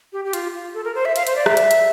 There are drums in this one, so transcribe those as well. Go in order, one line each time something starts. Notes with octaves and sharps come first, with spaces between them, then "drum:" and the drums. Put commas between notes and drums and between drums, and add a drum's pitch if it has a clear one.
G4
G4
F4, drum: hi-hat
F4
A4
A#4
C5
E5
F5, drum: hi-hat
C5, drum: hi-hat
D5
E5, drum: rim click
drum: hi-hat
drum: hi-hat